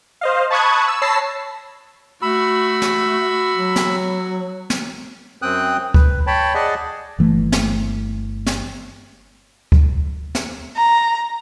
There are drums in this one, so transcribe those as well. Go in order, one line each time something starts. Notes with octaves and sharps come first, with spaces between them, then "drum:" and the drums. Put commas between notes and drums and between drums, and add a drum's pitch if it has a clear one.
C5 D#5 F5
A5 B5 C#6 D#6 F#6 G#6
E6
C#5 A5 B5 E6 A#6 C7
A3 F#4 B5 E6
drum: snare
F#3
drum: snare
drum: snare
F#2 C4 G5 D#6 F#6
B4, drum: kick D2
C#5 G5 A5 B5
G#4 D5 D#5 F#5 G#5 A5
G1 E3 A3
drum: snare
drum: snare
drum: kick D2
drum: snare
A#5